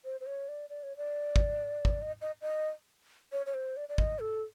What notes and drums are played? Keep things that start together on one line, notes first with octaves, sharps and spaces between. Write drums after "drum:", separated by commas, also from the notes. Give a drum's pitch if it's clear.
C5
C5
C#5
D5
D5
C#5
D5
drum: kick
drum: kick
D#5
D#5
D#5
C#5
C#5
C5
D5
D5
D#5, drum: kick
A4